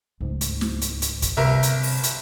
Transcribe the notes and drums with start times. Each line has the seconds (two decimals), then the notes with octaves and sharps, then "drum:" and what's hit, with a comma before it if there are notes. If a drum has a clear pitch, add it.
0.21 D1 C#2 G#2
0.41 drum: hi-hat
0.61 drum: snare
0.81 drum: hi-hat
1.02 drum: hi-hat
1.22 drum: kick, hi-hat
1.37 G1 C3 A#4 E5
1.63 drum: hi-hat
1.83 drum: open hi-hat
2.03 drum: hi-hat